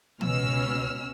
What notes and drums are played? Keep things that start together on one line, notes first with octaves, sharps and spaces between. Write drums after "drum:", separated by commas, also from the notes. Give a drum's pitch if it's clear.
C#2 B2 C#4 E6 F6, drum: tom